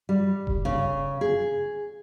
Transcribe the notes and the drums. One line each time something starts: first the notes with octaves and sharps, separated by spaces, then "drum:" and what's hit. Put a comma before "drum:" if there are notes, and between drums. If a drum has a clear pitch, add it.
G3
drum: kick E1
C#3
G#4